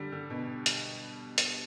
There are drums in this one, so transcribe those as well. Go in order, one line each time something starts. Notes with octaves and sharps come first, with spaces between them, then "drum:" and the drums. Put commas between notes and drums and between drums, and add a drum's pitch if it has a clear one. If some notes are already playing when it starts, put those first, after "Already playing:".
Already playing: D3 G3
D3
B2
drum: hi-hat
drum: hi-hat